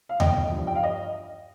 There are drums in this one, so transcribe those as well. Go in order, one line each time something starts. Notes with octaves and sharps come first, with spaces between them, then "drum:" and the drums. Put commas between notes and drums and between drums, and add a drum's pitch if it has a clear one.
F5
G1 D#5 G5, drum: tom D#2
G2 F3
G5
F5
D#5